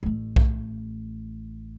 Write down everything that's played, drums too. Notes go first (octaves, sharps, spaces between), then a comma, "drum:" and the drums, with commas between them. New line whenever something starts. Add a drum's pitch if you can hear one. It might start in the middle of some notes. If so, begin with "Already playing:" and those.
A1 A3
drum: kick B1